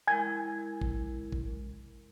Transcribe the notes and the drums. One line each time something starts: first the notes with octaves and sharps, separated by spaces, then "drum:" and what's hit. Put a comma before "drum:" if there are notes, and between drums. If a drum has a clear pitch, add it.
G#3 E4 A#4 G#5 G#6
drum: kick G#1
drum: kick G#1